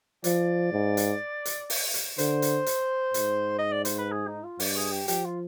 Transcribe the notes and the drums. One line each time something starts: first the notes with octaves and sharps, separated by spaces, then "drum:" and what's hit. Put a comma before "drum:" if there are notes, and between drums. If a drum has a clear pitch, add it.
F3 D5, drum: hi-hat
G#2
drum: hi-hat
drum: hi-hat
drum: open hi-hat
drum: hi-hat
D3 C5, drum: hi-hat
drum: hi-hat
drum: hi-hat
G#2, drum: hi-hat
D#5
D5
C5, drum: hi-hat
B4
G#4
D#4
F4
G2 D5, drum: open hi-hat
G#4
G4
F3 G4, drum: hi-hat
F4